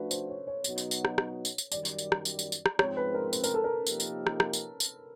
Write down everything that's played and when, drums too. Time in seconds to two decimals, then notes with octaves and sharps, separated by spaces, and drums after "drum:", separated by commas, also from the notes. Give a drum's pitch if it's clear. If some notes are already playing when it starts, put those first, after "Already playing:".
Already playing: F3 A3 D4 F#4 A4 B4
0.11 C5, drum: tambourine
0.29 C#5
0.47 C#5
0.64 B2 F#3 B3 D#4 F#4, drum: tambourine
0.78 drum: tambourine
0.91 drum: tambourine
1.05 drum: rim click
1.18 drum: rim click
1.45 drum: tambourine
1.58 drum: tambourine
1.72 F#2 D#3 G3 D5, drum: tambourine
1.85 drum: tambourine
1.99 drum: tambourine
2.12 drum: rim click
2.25 drum: tambourine
2.39 drum: tambourine
2.52 drum: tambourine
2.66 drum: rim click
2.79 G#2 F3 G#3 C4 C#5, drum: rim click
2.97 B4
3.14 A#4
3.33 B4, drum: tambourine
3.44 A#4, drum: tambourine
3.54 A4
3.64 A#4
3.87 C3 F3 A#3 D#4 G4, drum: tambourine
4.00 drum: tambourine
4.27 drum: rim click
4.40 drum: rim click
4.53 drum: tambourine
4.80 drum: tambourine